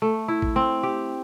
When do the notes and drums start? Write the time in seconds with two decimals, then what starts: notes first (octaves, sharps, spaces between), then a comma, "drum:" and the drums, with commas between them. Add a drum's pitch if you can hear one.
0.02 A3
0.28 E4
0.42 drum: kick A#1
0.56 C4
0.83 G4